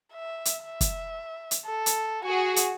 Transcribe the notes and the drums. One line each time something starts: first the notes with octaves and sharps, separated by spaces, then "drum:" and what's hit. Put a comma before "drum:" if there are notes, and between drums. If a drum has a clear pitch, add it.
E5
drum: hi-hat
E5
drum: kick, hi-hat
drum: hi-hat
A4
drum: hi-hat
F#4 G#4 G#5
drum: hi-hat